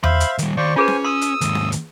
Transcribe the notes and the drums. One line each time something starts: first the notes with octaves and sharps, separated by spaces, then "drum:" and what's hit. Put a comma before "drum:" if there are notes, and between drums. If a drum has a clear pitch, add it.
C5 E5 F5 B5, drum: tom E2
drum: hi-hat
D#3 G3, drum: hi-hat
D#3 C5 D5 F5 C#6
C#4 F4 G#4 B4 C5 G#5
drum: snare C#4
C6 D#6 E6
drum: hi-hat
D#2 G#2, drum: hi-hat
drum: snare C#4
drum: hi-hat